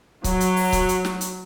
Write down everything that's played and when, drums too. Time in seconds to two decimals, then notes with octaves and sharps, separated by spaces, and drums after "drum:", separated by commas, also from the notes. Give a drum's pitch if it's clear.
0.24 F#3, drum: kick C#1, hi-hat
0.40 drum: hi-hat
0.56 drum: open hi-hat
0.73 drum: kick C#1, hi-hat
0.89 drum: hi-hat
1.05 drum: snare
1.21 drum: hi-hat